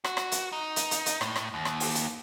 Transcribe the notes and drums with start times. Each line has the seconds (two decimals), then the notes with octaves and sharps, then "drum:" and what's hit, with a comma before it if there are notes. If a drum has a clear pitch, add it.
0.04 F#4, drum: rim click
0.17 drum: rim click
0.32 drum: hi-hat
0.52 D#4
0.76 drum: hi-hat
0.91 drum: hi-hat
1.06 drum: hi-hat
1.21 A2, drum: rim click
1.36 drum: rim click
1.54 D#2
1.65 drum: rim click
1.80 drum: open hi-hat
1.95 drum: hi-hat